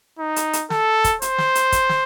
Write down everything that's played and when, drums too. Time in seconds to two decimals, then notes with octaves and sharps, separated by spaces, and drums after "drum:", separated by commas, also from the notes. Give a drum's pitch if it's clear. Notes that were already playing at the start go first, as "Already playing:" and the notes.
0.19 D#4
0.36 drum: hi-hat
0.53 drum: hi-hat
0.70 A4, drum: snare
1.04 drum: kick, hi-hat
1.22 C5, drum: hi-hat
1.38 drum: snare
1.55 drum: hi-hat
1.72 drum: kick, hi-hat
1.89 drum: snare